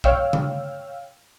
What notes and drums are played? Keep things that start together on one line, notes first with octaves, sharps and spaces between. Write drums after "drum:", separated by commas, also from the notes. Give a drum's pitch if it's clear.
C#5 F5 G5 E6 F6, drum: kick
drum: tom C#3